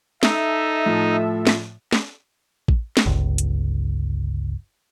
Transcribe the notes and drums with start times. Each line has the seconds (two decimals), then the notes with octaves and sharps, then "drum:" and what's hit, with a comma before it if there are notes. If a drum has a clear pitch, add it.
0.23 D#4 A4 E5, drum: snare
0.86 A2 F3
1.47 drum: snare
1.93 drum: snare
2.68 drum: kick A1
2.97 drum: snare
3.06 G1 C#2
3.38 drum: hi-hat